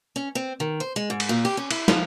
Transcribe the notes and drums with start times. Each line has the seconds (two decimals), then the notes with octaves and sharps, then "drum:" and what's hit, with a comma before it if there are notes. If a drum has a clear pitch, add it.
0.16 C#4
0.35 C4
0.60 D#3
0.80 C5
0.96 G#3
1.10 G#2
1.20 drum: cymbal
1.29 A#2
1.45 G4
1.57 C#4
1.71 E4, drum: cymbal
1.88 F3, drum: snare